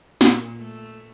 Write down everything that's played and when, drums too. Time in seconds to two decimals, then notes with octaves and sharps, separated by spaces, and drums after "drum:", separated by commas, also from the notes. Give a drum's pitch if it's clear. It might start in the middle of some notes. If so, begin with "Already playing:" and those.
0.21 A#2, drum: snare
0.57 A3